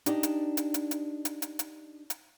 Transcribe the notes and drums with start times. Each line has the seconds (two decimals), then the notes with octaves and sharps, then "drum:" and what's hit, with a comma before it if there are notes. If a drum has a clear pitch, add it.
0.06 D4 D#4 G4 D5, drum: hi-hat
0.23 drum: hi-hat
0.57 drum: hi-hat
0.74 drum: hi-hat
0.91 drum: hi-hat
1.25 drum: hi-hat
1.42 drum: hi-hat
1.59 drum: hi-hat
2.10 drum: hi-hat